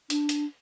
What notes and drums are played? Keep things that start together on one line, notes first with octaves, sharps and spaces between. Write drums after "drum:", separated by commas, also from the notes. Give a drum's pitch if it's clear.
D4, drum: hi-hat
drum: hi-hat